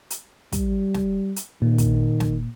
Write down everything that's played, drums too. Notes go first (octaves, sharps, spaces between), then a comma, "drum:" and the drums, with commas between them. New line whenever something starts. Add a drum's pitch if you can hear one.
drum: hi-hat
G3, drum: kick, hi-hat
drum: snare
drum: hi-hat
A#2 D#3
drum: kick, hi-hat
drum: snare